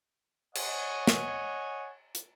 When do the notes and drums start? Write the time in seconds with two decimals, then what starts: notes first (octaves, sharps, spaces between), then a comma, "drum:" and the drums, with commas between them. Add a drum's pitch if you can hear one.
0.55 C#5 D#5 F#5 G#5, drum: cymbal
1.07 drum: snare
2.15 drum: hi-hat